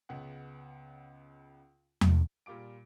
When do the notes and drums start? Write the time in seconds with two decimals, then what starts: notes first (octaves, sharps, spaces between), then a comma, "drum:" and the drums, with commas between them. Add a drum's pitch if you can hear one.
0.09 C#2 C#3 B3 F#5
2.01 drum: tom E2
2.46 A#2 G3 F4 D6 D7